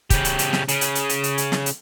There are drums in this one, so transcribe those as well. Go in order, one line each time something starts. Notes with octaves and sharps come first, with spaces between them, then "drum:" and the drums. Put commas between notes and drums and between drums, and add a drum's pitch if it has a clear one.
C#3 G4, drum: kick, hi-hat
drum: hi-hat
drum: hi-hat
drum: snare
C#3, drum: hi-hat
drum: hi-hat
drum: hi-hat
drum: hi-hat
drum: hi-hat
drum: hi-hat
drum: snare
drum: hi-hat